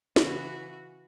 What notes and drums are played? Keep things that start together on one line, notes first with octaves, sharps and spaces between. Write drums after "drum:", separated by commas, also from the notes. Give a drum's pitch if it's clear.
C#3 E3 F#4, drum: snare